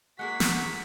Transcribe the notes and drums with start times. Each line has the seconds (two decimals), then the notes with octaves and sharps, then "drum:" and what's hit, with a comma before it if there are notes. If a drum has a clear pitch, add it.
0.19 G#3 A#3 F#4 G#4 F#5 B6
0.40 drum: snare